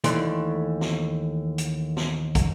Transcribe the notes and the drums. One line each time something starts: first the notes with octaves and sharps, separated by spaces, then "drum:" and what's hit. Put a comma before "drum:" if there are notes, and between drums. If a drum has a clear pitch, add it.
D#2 E3 A3 D5 C6, drum: hi-hat
drum: snare
drum: hi-hat
drum: snare
drum: kick, hi-hat